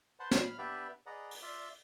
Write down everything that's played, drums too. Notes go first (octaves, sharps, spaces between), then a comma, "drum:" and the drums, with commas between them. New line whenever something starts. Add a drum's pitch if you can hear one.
B4 C5 F#5 A5 C6
F5 B5 F6, drum: snare
B3 D4 G4 B4 D5 E5
G#4 B4 D5 D#5 F#5 A#5
drum: open hi-hat
F4 D5 E5 F5